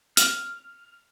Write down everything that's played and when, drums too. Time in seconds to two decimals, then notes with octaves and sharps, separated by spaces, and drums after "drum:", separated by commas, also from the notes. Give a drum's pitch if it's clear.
0.17 F6, drum: hi-hat